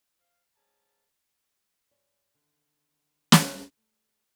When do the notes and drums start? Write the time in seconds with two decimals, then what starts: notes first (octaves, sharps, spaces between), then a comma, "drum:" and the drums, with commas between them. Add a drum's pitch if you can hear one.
0.18 C5 F5
0.54 G#2 C#4 G#4 A5 A#5
1.91 F#2 C#5 D5 E5
2.35 D3 D#3
3.32 drum: snare
3.77 G3 A3